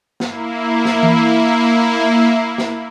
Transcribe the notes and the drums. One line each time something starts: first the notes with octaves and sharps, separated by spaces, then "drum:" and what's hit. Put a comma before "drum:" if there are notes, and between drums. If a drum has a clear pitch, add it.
A#3 E4, drum: snare
drum: snare
drum: tom E3
drum: snare